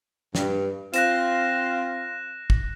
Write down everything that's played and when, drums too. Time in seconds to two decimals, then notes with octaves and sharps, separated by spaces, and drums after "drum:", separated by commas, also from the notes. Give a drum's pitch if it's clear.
0.35 G2, drum: snare
0.94 C4 F4 F#6 A#6 E7, drum: hi-hat
2.50 drum: kick